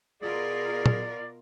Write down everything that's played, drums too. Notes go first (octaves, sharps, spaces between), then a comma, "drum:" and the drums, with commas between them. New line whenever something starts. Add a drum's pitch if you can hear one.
B2 F4 G#4 A#4 D5
drum: tom